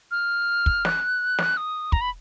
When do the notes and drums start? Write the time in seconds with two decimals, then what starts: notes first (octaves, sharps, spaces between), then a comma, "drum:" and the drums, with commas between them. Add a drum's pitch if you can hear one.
0.11 F6
0.66 drum: kick
0.85 F#6, drum: snare
1.39 drum: snare
1.57 D#6
1.92 A#5, drum: kick
2.01 B5